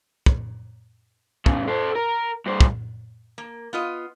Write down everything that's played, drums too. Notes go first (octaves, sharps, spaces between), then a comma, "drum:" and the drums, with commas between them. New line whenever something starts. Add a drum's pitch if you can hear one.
drum: kick
E2 C#3, drum: kick
A4 C5
A#4
G2 C5
drum: kick
A#3
B3 F4 D#5